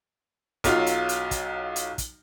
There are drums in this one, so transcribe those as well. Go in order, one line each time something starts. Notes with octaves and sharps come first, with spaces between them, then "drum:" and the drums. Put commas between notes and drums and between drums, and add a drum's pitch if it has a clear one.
B1 F#3 F4 F5, drum: kick, hi-hat
drum: hi-hat
drum: hi-hat
drum: kick, hi-hat
drum: hi-hat
drum: kick, hi-hat